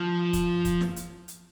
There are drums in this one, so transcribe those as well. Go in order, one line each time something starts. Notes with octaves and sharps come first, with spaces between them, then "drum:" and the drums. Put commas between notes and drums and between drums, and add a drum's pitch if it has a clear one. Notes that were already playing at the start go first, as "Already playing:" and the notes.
Already playing: F3
drum: kick, hi-hat
drum: kick, hi-hat
drum: snare
drum: hi-hat
drum: hi-hat